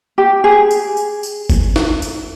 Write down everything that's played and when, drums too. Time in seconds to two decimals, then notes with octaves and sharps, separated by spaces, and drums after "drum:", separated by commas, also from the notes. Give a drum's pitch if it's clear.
0.18 G4
0.44 G#4
0.71 drum: tambourine
0.97 drum: tambourine
1.23 drum: tambourine
1.50 drum: kick G1, tambourine
1.76 drum: snare
2.02 drum: tambourine